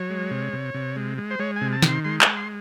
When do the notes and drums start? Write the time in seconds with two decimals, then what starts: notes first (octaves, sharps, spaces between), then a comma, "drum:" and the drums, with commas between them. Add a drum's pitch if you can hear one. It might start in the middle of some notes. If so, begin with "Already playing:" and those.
Already playing: F#3 C#5
0.10 G#3
0.31 C3
0.53 C3
0.74 C3
0.96 G#3
1.18 G#3
1.30 C5
1.39 G#3 C#5
1.56 G#5
1.61 C3
1.73 A5
1.82 D#3, drum: snare
1.88 C6
2.04 G#3 C6
2.22 G#3 C#6, drum: clap
2.37 C6